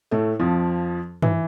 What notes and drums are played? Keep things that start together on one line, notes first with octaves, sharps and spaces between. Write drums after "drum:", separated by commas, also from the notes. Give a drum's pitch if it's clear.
A2 A3
F2 F3
E3, drum: tom G2